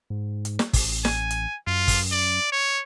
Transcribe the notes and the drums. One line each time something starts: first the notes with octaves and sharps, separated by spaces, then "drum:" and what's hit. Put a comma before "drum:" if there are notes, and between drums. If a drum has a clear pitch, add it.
G#2
drum: hi-hat
drum: snare
A1, drum: kick, open hi-hat
G#5, drum: snare
drum: hi-hat
F#2 F4
drum: kick, open hi-hat
D5
C#5